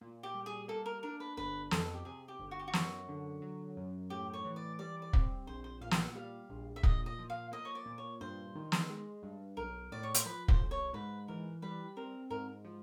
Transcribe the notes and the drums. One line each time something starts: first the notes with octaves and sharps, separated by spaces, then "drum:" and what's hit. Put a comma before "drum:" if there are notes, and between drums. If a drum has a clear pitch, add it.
A#2
G4
G3
G#4
A#3 A4
A#4
D4 A#4
B4
G1 B4
F2 A4, drum: snare
G4
C3 G#4
G4
G1
F#4
G4
F#4
F#2, drum: snare
D3
F#3
F#2
A2 G4
C#5
E3
D5
G3 D5
D5
C4, drum: kick
A#1 C5
C5
A#2 F5
G5, drum: snare
F#5
G3 F5
A#1
E5
A#2 D#5, drum: kick
D#5
F3
F5
A#3 D#5
C#5
D5
A#2
C#5
G2 C5
D#3
drum: snare
G#3
G2
B1 A#4
A2 D5
C#5
C5, drum: hi-hat
F3 B4
C5, drum: kick
B1
C#5
G#2 B4
E3 A#4
G3 B4
C4 A#4
G#2 A#4
F3